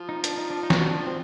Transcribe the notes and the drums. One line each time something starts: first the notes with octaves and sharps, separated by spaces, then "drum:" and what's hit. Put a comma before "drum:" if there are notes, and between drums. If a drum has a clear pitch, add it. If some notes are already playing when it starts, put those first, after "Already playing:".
Already playing: F3
D#4
D4, drum: hi-hat
D#4
D4
D#4
F#3, drum: snare
D4
F3
C4